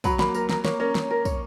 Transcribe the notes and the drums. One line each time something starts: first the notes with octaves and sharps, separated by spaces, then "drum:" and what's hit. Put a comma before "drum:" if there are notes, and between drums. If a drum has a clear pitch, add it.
F#3 B5, drum: kick, tambourine
A#3 B5, drum: snare
A#4, drum: tambourine
A#4, drum: snare
A#3 C#5, drum: snare
C#4 A#4
C#5, drum: snare
A#4
C#5, drum: kick, tambourine